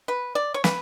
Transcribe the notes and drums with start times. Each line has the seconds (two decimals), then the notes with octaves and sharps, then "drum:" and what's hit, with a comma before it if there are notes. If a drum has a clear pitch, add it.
0.08 B4
0.35 D5
0.54 C#5
0.64 B4, drum: snare